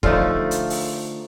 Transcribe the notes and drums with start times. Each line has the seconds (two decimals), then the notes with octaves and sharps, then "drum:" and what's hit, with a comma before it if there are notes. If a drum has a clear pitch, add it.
0.03 D3 F3 A3 D#4 F4 A4, drum: kick
0.51 drum: hi-hat
0.70 drum: open hi-hat